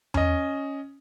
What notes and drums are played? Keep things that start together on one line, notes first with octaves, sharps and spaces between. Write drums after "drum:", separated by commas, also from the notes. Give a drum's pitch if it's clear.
C#4 D#5, drum: tom E2